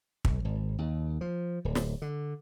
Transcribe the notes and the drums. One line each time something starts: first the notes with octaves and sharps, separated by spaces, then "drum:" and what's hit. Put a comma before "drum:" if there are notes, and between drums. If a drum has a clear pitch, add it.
B1, drum: kick
G#1
D#2
F3
D1
drum: snare
D3